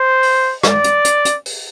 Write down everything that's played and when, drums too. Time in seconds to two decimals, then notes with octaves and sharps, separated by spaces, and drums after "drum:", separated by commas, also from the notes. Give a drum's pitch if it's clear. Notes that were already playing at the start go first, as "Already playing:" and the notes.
Already playing: C5
0.23 drum: open hi-hat
0.63 D5, drum: rim click
0.84 drum: hi-hat
1.05 drum: hi-hat
1.25 drum: hi-hat
1.46 drum: open hi-hat